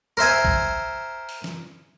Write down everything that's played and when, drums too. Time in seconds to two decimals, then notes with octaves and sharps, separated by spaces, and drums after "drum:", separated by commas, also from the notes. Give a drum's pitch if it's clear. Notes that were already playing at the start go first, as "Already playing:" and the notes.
0.17 A#4 C5 E5 G#5
0.45 drum: kick A#1
1.29 drum: open hi-hat
1.44 drum: snare